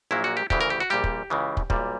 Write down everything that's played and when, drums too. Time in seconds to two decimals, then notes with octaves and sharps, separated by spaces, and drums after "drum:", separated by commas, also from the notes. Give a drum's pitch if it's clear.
0.11 A#1 A#2 F#3 A#3 E4
0.24 F#4
0.37 G4
0.50 D2 C#3 E3 G4, drum: kick
0.61 A#4
0.70 G4
0.80 F#4
0.90 A#1 A#2 G3 G4
1.04 drum: kick
1.30 C#2 C#3 E3
1.57 drum: kick
1.70 B1 A#2 G3, drum: kick